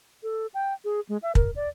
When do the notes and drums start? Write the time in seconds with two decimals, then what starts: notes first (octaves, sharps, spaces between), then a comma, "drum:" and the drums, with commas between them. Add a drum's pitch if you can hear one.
0.23 A4
0.54 G5
0.85 G#4
1.09 G#3
1.23 E5
1.35 A#4, drum: kick
1.56 D5